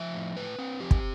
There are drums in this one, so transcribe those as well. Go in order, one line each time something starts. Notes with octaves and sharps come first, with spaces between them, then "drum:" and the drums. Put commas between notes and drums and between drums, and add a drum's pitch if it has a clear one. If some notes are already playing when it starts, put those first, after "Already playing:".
Already playing: F3 E5
A2
A2 B4
C4
F3 G4
drum: kick